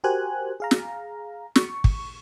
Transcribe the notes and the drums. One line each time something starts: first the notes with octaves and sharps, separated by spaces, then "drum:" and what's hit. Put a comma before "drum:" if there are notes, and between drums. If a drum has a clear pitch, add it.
F#4 G4 A#4 C5 G#5 F#6
G#4 F5 A#5
drum: snare
C#6, drum: snare
drum: kick